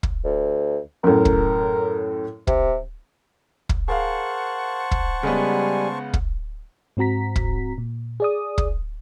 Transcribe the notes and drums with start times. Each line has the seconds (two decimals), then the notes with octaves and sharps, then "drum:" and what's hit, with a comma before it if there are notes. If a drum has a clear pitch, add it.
0.03 drum: kick
0.24 D2
1.04 F#2 A2 A#4
1.25 drum: kick
2.47 C3, drum: kick
3.69 drum: kick
3.88 G#4 A#4 C5 F5 F#5 A5 C#6
4.91 drum: kick
5.23 C#3 G3 G#3 B3 G#5
6.13 drum: kick
6.97 G#2 C4 F#4 A#5 B6
7.36 drum: kick
7.78 A#2
8.20 G#4 D5 D#6
8.58 drum: kick